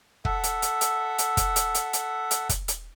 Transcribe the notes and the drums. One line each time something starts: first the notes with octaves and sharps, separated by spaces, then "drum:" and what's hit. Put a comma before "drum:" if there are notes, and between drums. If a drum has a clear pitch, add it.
A4 E5 F#5, drum: kick
drum: hi-hat
drum: hi-hat
drum: hi-hat
drum: hi-hat
drum: kick, hi-hat
drum: hi-hat
drum: hi-hat
drum: hi-hat
drum: hi-hat
drum: kick, hi-hat
drum: hi-hat